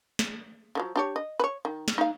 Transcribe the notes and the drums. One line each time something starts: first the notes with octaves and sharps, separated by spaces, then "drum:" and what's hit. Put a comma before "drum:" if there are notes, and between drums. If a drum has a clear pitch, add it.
drum: snare
D3 F3 F#3
D4 G4 C#5
D#5
B4 C#5
D#3
drum: snare
D#4 F5